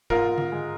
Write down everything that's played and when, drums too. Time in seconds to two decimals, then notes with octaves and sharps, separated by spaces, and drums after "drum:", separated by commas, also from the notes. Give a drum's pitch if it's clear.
0.10 G#2 F4 A#4, drum: kick
0.38 drum: tom D3
0.52 G#3